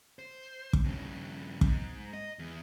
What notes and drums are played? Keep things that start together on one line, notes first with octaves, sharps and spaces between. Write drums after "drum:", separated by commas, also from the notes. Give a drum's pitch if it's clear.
C5
drum: kick
G2 C#3
G#2, drum: kick
D#5
E2